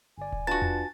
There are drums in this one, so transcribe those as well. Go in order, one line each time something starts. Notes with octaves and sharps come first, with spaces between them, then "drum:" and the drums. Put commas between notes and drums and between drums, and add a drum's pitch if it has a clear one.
G1 D5 G#5
drum: kick D#1
D4 F4 F#4 B4 A5 A6
drum: tom E2